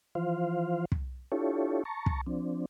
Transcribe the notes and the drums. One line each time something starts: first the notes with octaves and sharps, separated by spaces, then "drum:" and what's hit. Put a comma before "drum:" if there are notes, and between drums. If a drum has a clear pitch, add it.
E3 F3 F4 C5 F5
drum: kick
D4 E4 F4 G4 A4 C#5
A5 A#5 C#6
drum: kick
F3 C4 D4